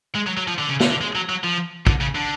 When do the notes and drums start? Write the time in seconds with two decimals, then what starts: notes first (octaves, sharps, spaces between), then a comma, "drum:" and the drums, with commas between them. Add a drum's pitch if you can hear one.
0.15 G#3
0.27 F#3
0.37 F#3
0.48 F3
0.59 D3
0.69 C#3
0.80 D3, drum: snare
0.90 D3
1.01 G#3
1.16 F#3
1.30 F#3
1.44 F3
1.87 D3, drum: kick
2.01 C#3
2.15 D3